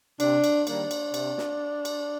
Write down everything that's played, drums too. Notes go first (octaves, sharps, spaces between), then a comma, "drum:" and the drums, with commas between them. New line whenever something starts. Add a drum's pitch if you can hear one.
C3 D4, drum: cymbal
drum: cymbal
D#3 G3 A#3 D4, drum: cymbal
drum: cymbal
C3, drum: cymbal
drum: snare
drum: cymbal